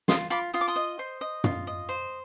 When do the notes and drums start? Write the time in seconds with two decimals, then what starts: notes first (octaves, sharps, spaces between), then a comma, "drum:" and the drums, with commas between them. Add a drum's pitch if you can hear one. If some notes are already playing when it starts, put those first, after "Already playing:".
0.08 F4 C6 D#6, drum: snare
0.30 F4 B5 D6
0.53 F4 D#6
0.61 D6
0.68 C6 D#6
0.76 D#5
0.99 C5
1.21 D#5
1.44 F4, drum: tom
1.67 D#5
1.89 C5